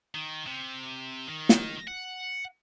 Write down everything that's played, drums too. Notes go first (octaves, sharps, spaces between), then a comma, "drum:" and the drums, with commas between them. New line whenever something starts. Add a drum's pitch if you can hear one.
D#3
C3
D#3
drum: snare
F#5